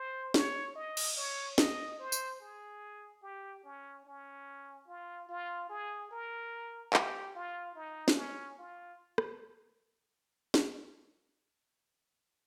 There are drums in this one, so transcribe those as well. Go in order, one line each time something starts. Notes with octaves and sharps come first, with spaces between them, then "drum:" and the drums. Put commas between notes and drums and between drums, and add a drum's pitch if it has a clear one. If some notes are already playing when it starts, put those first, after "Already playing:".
Already playing: C5
C#5, drum: snare
D#5
drum: cymbal
C#5
D#5, drum: snare
C5
drum: tambourine
G#4
G4
C#4
C#4
F4
F4
G#4
A#4
G4, drum: clap
F4
D#4
drum: snare
C#4
F4
drum: rim click
drum: snare